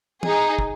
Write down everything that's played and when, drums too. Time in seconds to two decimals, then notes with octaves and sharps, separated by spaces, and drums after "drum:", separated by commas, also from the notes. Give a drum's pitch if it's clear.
0.23 D#4 G#4, drum: tom
0.59 drum: kick